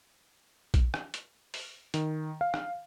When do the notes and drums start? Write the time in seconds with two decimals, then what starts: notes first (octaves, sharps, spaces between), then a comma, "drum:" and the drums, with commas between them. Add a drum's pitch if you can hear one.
0.74 drum: kick A#1, hi-hat
0.94 drum: rim click
1.14 drum: hi-hat
1.54 drum: open hi-hat
1.94 D#3, drum: hi-hat
2.41 F5
2.54 drum: rim click